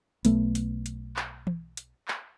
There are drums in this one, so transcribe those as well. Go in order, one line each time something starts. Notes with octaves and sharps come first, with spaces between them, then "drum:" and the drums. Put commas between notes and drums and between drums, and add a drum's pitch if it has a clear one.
B1 A3 B3, drum: hi-hat
drum: hi-hat
drum: hi-hat
drum: clap
drum: tom E3
drum: hi-hat
drum: clap